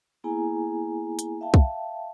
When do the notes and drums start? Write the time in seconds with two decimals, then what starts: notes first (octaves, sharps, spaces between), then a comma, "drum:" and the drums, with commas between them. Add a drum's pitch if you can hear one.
0.24 A#3 B3 E4 G#4 G#5 A#5
1.19 drum: hi-hat
1.41 E5 F5 G5 A5
1.54 drum: kick